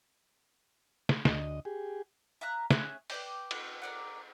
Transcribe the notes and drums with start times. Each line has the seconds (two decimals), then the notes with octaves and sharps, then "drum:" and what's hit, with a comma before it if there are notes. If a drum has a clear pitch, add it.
1.09 drum: snare
1.25 D2 D#5, drum: snare
1.65 G4 G#4
2.41 E5 F5 A#5 F#6
2.70 C#4 G#4 E5 F#6, drum: snare
3.10 B4 D5 G5, drum: open hi-hat
3.51 drum: cymbal
3.82 A#4 D5 F#5